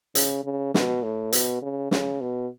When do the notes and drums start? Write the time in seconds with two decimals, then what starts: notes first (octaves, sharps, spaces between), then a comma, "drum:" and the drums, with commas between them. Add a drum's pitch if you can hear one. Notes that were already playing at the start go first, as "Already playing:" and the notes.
0.15 C#3, drum: hi-hat
0.44 C#3
0.74 B2, drum: snare
1.03 A2
1.32 B2, drum: hi-hat
1.62 C#3
1.91 C#3, drum: snare
2.21 B2